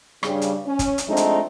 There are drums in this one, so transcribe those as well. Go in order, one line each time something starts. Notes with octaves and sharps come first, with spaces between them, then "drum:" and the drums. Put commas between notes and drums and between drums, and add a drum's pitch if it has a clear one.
G2 C#3 G3, drum: rim click
drum: hi-hat
C#4
drum: kick, hi-hat
drum: hi-hat
F3 G#3 A3 C4 D4 D#4
drum: hi-hat